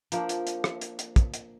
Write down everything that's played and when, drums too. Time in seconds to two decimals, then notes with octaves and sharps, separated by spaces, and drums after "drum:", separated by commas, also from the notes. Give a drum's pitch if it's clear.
0.12 F3 A#3 D4, drum: hi-hat
0.29 drum: hi-hat
0.47 drum: hi-hat
0.64 drum: rim click
0.81 drum: hi-hat
0.99 drum: hi-hat
1.16 drum: kick, hi-hat
1.34 drum: hi-hat